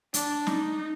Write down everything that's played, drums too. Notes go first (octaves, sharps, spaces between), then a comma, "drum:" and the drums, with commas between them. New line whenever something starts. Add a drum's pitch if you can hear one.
D4, drum: hi-hat
D#4, drum: snare